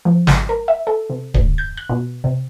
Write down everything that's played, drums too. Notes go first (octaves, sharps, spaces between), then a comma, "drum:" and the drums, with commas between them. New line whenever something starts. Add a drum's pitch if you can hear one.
F3
G#1, drum: snare
A#4
E5
A4
C3
D2, drum: kick D1
G6
F#6
B2
C3